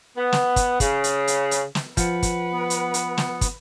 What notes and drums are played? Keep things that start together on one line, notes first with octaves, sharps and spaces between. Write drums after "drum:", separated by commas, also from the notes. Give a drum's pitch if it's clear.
B3
drum: snare
drum: kick, hi-hat
C#3, drum: kick, hi-hat
drum: hi-hat
drum: hi-hat
drum: hi-hat
drum: snare
F3 B4 F#5, drum: kick, hi-hat
drum: kick, hi-hat
B3
drum: hi-hat
drum: hi-hat
drum: snare
drum: kick, hi-hat